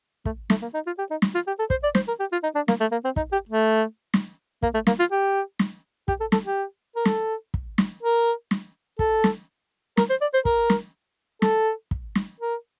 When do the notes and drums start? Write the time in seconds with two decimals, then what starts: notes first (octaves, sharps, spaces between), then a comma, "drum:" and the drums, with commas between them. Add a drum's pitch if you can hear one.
0.25 A3, drum: kick
0.50 A3, drum: snare
0.62 A#3
0.74 D#4
0.86 F4
0.98 G4
1.10 D#4
1.22 drum: snare
1.34 F4
1.47 G4
1.59 A4
1.70 C5, drum: kick
1.83 D5
1.95 C5, drum: snare
2.08 A#4
2.20 G4
2.32 F4
2.43 D#4
2.55 D4
2.68 A#3, drum: snare
2.80 A3
2.92 A#3
3.04 C4
3.16 D#4, drum: kick
3.32 G4
3.48 A3
4.14 drum: snare
4.63 A#3, drum: kick
4.74 A3
4.87 A#3, drum: snare
4.99 F4
5.11 G4
5.59 drum: snare
6.08 G4, drum: kick
6.20 A4
6.32 A4, drum: snare
6.45 G4
6.96 A#4
7.05 A4, drum: snare
7.54 drum: kick
7.78 drum: snare
8.02 A#4
8.51 drum: snare
8.99 A4, drum: kick
9.24 drum: snare
9.97 A#4, drum: snare
10.09 C5
10.21 D5
10.34 C5
10.45 A#4, drum: kick
10.70 drum: snare
11.42 A4, drum: snare
11.91 drum: kick
12.15 drum: snare
12.40 A#4